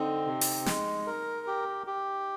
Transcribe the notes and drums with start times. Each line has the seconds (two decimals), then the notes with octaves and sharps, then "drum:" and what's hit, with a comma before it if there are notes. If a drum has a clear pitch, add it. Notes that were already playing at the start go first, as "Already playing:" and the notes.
Already playing: D3 C4 D#4
0.27 C3
0.41 drum: open hi-hat
0.66 G#3, drum: snare
1.07 A#4
1.47 G4
1.87 G4